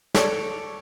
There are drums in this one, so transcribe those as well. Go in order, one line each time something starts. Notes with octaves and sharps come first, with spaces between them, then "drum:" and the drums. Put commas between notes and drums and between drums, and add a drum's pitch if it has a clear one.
A4 C#5 D5, drum: snare